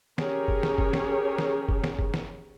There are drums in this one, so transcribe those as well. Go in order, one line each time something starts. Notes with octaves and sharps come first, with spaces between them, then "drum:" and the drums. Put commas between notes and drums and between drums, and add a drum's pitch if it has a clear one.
C#4 G4 G#4 A#4 C#5, drum: snare
drum: kick
drum: snare
drum: kick
drum: snare
drum: snare
drum: kick
drum: snare
drum: kick
drum: snare